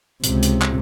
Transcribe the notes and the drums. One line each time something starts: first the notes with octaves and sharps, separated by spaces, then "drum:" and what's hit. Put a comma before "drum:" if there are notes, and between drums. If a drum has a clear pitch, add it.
C#2 C3, drum: hi-hat
drum: hi-hat
drum: clap